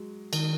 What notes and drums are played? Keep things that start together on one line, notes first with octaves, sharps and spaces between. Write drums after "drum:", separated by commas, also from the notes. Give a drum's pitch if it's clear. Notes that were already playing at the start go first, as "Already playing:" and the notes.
Already playing: F#3 G#3
D#3, drum: cymbal